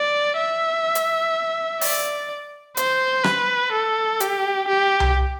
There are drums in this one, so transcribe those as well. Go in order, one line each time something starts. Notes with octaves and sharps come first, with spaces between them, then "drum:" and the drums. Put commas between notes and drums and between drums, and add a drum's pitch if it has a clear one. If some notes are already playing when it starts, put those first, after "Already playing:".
Already playing: D5
E5
drum: hi-hat
D5, drum: open hi-hat
C5, drum: hi-hat
B4, drum: rim click
A4
G4, drum: hi-hat
G4
drum: tom C2